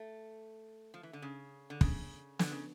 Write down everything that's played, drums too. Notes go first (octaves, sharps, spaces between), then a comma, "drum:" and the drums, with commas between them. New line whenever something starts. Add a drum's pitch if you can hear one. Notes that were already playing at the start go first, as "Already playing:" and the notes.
Already playing: A3
F3
E3
D3
C#3
D3
C#3, drum: kick
D3, drum: snare
C#3